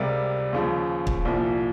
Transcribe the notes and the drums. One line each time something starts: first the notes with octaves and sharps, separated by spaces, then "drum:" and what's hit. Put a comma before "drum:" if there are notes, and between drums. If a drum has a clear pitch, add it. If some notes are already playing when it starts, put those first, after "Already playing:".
Already playing: C#2 C3 G3 A#4
D#2 C#3 F3
drum: kick
C2 A#2 F3